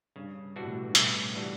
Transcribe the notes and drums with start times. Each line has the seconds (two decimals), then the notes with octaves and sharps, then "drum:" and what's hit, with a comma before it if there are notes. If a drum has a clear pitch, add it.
0.16 G2 C#3
0.56 B2 E3 G3 D4 F#4
0.63 A2
0.71 B2
0.86 G2
0.95 A2 C#3, drum: hi-hat
1.35 E3 G3 D4 F#4